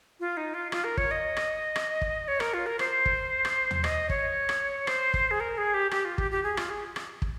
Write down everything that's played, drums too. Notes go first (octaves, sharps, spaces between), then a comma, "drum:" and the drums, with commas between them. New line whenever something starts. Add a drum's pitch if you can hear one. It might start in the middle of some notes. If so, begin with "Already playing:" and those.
F4
D#4
F4
F4, drum: rim click
A#4
C#5, drum: kick
D#5
drum: rim click
drum: rim click
drum: kick
C#5
A#4, drum: rim click
F4
A#4
C5, drum: rim click
drum: kick
drum: rim click
drum: tom
D#5, drum: rim click
C#5, drum: kick
drum: rim click
C5, drum: rim click
drum: kick
G#4
A#4
G#4
G4
G4, drum: rim click
F4
G4, drum: kick
G4
G#4
F4, drum: rim click
G#4
drum: rim click
drum: kick